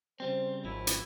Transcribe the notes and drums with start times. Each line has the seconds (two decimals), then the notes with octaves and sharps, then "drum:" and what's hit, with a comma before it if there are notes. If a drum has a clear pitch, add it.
0.20 C#3 G3 C4 C5
0.65 G#1 D#2 F3 E4
0.87 drum: hi-hat